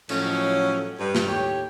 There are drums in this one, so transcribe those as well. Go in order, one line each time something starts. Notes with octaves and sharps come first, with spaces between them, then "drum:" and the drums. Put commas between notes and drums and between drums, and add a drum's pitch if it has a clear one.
A2 F3 F#3 C#4, drum: cymbal
G2
drum: snare
D#2 A2 G4 C#5